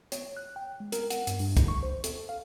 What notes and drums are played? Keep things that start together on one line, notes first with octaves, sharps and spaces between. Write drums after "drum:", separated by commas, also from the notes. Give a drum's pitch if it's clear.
C#5, drum: hi-hat
F#6
G5
G#3
A#4, drum: hi-hat
F#5, drum: hi-hat
G2, drum: hi-hat
G2, drum: open hi-hat
drum: kick, hi-hat
C#6
C5
A4, drum: hi-hat
F5